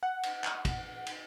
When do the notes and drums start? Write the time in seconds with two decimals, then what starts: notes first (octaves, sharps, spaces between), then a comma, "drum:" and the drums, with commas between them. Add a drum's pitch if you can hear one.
0.03 F#5
0.23 drum: cymbal
0.44 drum: clap
0.65 drum: kick, cymbal
1.06 drum: cymbal